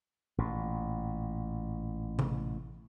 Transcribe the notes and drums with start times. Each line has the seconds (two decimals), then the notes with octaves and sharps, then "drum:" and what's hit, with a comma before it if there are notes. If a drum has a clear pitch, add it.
0.38 A1 A#2
2.19 drum: tom C3